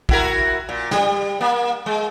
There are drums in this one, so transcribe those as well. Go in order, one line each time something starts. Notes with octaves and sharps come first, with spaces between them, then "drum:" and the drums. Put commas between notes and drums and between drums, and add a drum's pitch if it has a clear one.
E4 F#4 A#4, drum: kick
A#2
G3, drum: snare
A#3
G#3